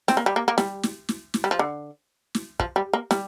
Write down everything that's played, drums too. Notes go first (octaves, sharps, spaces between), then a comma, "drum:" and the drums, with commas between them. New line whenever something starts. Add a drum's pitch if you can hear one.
C4, drum: snare
A#3
G3
A#3
A#3
G3, drum: snare
drum: snare
drum: snare
drum: snare
G3
F3
D3
drum: snare
F3, drum: kick
G3
A#3
G3, drum: snare